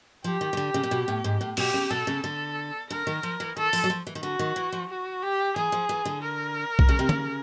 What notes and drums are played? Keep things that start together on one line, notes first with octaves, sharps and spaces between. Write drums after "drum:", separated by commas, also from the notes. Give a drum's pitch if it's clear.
F3 G4
D#3
D#3
D3
C#3
A#2
B2
A2
G#2
A2
B2 G4, drum: cymbal
C#3
B2 A4
C#3
D3 A4
D3 A#4
D#3
F3
E3
D#3 A4
F3, drum: open hi-hat
F#3
F3
E3
D#3
D3 F#4
D#3
E3
F3
F#4
G4
E3 G#4
F3
E3
D3
A#4
drum: kick
C#3
C3
C#3, drum: tom